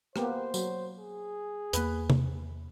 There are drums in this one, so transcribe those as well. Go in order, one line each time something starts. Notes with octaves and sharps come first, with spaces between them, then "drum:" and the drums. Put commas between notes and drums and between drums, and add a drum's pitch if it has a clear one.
A#3 B3 G4 C5, drum: rim click
F#3, drum: tambourine
G#4
E2 A#3 B4, drum: hi-hat
drum: tom C3